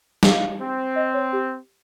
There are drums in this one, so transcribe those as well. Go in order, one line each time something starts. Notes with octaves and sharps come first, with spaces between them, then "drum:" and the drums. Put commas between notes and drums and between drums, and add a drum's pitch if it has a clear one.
F5, drum: snare
C4
D#5
C#5
G4